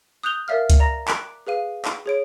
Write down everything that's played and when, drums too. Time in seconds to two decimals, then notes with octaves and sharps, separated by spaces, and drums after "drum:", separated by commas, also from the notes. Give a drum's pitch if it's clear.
0.23 D#6 F#6 G6 F7 G7
0.48 A#4 D5 E5 F5 F6
0.70 drum: kick C#2, hi-hat
0.79 D5 A#5 A#6
1.08 D6 F#6 B6 D7, drum: clap
1.47 G#4 B4 F5 D#7
1.85 drum: clap
2.06 G#4 C#5 D7